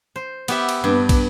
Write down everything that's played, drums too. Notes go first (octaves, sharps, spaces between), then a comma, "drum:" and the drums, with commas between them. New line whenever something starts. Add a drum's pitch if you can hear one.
C5
B3 G4 E5, drum: cymbal
drum: cymbal
G2 B3
drum: kick, cymbal